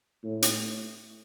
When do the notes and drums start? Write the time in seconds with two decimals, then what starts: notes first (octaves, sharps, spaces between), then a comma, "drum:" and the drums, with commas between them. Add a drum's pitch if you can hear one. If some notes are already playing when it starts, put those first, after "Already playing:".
0.24 A2
0.42 drum: hi-hat